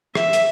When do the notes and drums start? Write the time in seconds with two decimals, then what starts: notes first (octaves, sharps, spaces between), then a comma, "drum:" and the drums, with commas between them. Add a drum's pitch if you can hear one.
0.15 E5, drum: rim click
0.33 drum: hi-hat